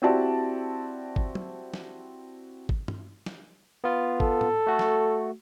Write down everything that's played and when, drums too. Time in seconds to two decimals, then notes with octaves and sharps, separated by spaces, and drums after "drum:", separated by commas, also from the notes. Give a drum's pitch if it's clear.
0.02 C4 E4 F#4 G4 D5 A5
1.16 drum: kick G#1
1.35 drum: tom
1.74 drum: snare
2.69 drum: kick G#1
2.88 drum: tom G2
3.26 drum: snare
3.84 B3 F4
4.20 A4, drum: kick G#1
4.41 drum: tom A2
4.67 A3 F#4
4.79 drum: snare